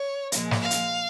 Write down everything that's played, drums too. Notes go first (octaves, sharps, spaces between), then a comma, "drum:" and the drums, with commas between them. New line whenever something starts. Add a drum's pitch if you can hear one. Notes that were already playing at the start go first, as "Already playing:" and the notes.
Already playing: C#5
A#2 F3 G#3, drum: hi-hat
drum: snare
F5
drum: hi-hat